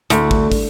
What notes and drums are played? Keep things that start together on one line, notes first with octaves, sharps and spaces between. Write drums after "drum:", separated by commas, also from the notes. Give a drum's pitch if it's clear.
D2, drum: hi-hat
drum: kick
drum: kick, open hi-hat